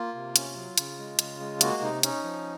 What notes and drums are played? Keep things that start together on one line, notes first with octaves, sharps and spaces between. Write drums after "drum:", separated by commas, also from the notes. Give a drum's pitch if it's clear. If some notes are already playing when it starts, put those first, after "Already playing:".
Already playing: A#3 F4
C3
C#4, drum: hi-hat
F#3
C#3, drum: hi-hat
G#3
C#3, drum: hi-hat
G#3
A#3 F#4, drum: hi-hat
C3 D#4
C#4 D#4, drum: hi-hat
F3